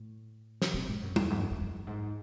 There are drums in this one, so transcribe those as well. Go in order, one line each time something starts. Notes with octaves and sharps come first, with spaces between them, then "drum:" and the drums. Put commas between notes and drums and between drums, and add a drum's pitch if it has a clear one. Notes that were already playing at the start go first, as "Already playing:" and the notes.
Already playing: A2
drum: snare
C3
G#2
F#2
E2, drum: tom G3
G#2
F#2
E2
F#2
G#2